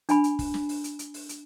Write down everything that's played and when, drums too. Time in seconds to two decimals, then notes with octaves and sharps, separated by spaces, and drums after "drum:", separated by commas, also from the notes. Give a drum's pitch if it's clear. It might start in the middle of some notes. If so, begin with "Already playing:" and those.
0.09 D4 G#5 B5, drum: hi-hat
0.24 drum: hi-hat
0.39 drum: kick, open hi-hat
0.54 drum: snare
0.69 drum: open hi-hat
0.84 drum: hi-hat
0.99 drum: hi-hat
1.14 drum: open hi-hat
1.29 drum: hi-hat